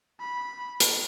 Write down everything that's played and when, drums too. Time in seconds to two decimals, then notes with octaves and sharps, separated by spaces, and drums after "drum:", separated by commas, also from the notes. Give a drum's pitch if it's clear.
0.20 B5
0.80 drum: hi-hat